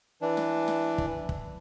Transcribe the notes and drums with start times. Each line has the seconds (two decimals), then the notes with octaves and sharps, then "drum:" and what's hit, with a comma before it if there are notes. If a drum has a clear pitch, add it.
0.22 E3 D4
0.37 drum: snare
0.68 drum: snare
0.98 drum: kick
1.29 drum: kick